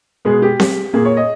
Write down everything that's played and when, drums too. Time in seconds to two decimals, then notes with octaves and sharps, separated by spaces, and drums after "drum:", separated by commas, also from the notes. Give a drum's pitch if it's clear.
0.25 B2 G#3 B3 G#4
0.42 G4
0.60 G4, drum: snare C4
0.93 A#2 A#3 G#4
1.05 C#5
1.17 D#5